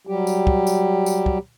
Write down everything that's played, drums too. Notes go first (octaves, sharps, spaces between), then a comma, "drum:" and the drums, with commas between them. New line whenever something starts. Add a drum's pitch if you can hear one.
F#3 G3 G4
drum: tambourine
drum: kick
drum: tambourine
drum: tambourine
drum: kick